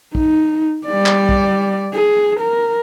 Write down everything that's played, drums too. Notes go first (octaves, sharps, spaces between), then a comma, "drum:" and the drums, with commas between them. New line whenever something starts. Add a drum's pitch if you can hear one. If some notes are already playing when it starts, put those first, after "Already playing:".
D#4, drum: kick
G3 D5
drum: clap
drum: kick
G#4
A#4